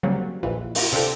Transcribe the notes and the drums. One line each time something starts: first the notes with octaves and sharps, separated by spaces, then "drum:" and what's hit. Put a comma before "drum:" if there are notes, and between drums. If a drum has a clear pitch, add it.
C#3 F#3 G3 A#3 C4 C#4
A#1 F2 A#2 E3
drum: open hi-hat
C3 D4 F4 G4 A4